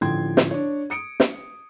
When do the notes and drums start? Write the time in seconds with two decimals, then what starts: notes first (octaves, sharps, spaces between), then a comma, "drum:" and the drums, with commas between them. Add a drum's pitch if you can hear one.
0.01 A1 D3 F3 G5 C6 G#6
0.37 drum: snare
0.51 D4 C#5
0.90 D#6 C#7 D7
1.20 drum: snare